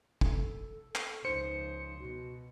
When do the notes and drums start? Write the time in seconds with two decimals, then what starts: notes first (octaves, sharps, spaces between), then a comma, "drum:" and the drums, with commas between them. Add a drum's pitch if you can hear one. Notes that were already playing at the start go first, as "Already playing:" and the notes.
0.21 A4, drum: kick
0.95 drum: clap
1.25 C#2 F3 D#4 C5 C#7
1.99 B2 F#4